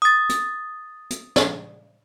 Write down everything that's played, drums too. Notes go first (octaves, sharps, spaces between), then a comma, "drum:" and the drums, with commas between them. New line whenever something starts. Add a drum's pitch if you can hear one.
D#6 A6
drum: hi-hat
drum: hi-hat
drum: snare